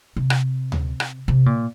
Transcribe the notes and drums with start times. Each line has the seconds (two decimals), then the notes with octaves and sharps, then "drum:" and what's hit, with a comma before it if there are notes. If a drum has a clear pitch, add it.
0.16 C3
0.30 drum: rim click
0.72 drum: tom D2
1.00 drum: rim click
1.28 C3
1.46 A#2